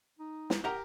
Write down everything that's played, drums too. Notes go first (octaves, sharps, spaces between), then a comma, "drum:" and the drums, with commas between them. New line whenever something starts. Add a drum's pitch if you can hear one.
D#4
drum: snare
G4 A#4 D#5 F#5 A#5